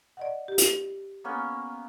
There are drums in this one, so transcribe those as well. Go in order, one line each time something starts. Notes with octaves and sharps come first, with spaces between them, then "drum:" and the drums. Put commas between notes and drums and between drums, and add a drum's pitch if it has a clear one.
D5 D#5 F#5
G4
drum: hi-hat
A#3 B3 C#4